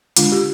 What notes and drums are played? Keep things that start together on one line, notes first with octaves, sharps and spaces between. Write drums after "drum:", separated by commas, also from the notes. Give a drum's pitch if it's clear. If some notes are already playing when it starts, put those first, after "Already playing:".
D3 G#3 D4 F4, drum: hi-hat
G4